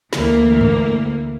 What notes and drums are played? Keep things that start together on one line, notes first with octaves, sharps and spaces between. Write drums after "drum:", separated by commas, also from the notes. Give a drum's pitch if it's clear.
D2 E3 A#3, drum: snare
drum: tom F#2